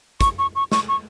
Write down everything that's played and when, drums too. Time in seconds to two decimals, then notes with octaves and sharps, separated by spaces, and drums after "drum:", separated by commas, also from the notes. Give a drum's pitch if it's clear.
0.21 C#6, drum: kick, hi-hat
0.38 C#6
0.55 C#6
0.72 C#6, drum: snare
0.89 C#6